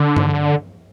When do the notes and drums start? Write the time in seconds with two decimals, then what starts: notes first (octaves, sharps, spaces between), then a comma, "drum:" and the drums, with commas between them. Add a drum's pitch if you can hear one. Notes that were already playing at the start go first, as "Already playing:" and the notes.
Already playing: D3
0.16 drum: tom G2